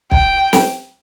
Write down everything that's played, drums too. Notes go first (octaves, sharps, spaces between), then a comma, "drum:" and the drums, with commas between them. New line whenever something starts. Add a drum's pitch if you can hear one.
G5, drum: kick
drum: snare